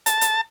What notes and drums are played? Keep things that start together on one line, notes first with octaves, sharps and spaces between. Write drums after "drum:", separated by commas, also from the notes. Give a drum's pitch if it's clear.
A5, drum: hi-hat
drum: hi-hat